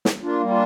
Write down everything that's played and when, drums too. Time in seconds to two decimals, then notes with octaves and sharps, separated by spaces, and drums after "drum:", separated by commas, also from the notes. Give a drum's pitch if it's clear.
0.05 drum: snare
0.22 A#3 D4 F4
0.41 G3
0.50 D4 F4